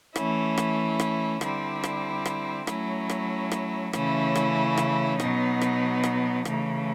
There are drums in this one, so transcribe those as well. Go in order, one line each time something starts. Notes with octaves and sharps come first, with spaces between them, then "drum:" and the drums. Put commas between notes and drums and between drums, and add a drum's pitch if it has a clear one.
E3 A3 C#4 E4, drum: rim click
drum: rim click
drum: rim click
D3 G3 C4 E4, drum: rim click
drum: rim click
drum: rim click
F#3 A3 C#4 E4, drum: rim click
drum: rim click
drum: rim click
C#3 E3 A3 C#4 E4, drum: rim click
drum: rim click
drum: rim click
B2 F#3 B3 D#4, drum: rim click
drum: rim click
drum: rim click
C#3 E3 A3, drum: rim click